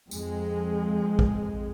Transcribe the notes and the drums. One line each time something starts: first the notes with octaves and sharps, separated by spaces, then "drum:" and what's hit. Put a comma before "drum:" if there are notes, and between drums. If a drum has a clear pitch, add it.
F2 G#3, drum: tambourine
drum: kick